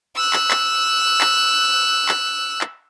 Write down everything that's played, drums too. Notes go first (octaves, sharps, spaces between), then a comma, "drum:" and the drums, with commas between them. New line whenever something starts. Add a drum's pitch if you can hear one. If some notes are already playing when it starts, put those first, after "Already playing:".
E6 F#6
drum: clap
drum: clap
drum: clap
drum: clap
drum: clap